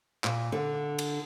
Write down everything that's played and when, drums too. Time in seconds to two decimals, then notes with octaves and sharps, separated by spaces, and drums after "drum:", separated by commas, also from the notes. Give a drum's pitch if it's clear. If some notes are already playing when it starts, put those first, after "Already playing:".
0.24 A#2, drum: clap
0.52 D3
0.99 drum: cymbal